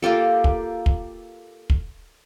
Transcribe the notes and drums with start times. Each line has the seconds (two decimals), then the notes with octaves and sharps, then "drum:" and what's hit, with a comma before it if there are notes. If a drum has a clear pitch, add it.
0.02 A#3 F4 G4 A4
0.44 drum: kick
0.86 drum: kick
1.70 drum: kick